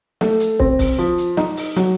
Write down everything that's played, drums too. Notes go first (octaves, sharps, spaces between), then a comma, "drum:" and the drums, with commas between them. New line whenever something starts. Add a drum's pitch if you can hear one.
A3, drum: snare
drum: hi-hat
C4, drum: kick
drum: kick, open hi-hat
F3
drum: hi-hat
D#4, drum: snare
drum: open hi-hat
F#3, drum: snare